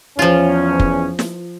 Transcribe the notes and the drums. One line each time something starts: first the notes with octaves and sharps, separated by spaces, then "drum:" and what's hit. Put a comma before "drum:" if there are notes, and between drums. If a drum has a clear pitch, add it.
E2 F3 C#4 F4
drum: kick
drum: snare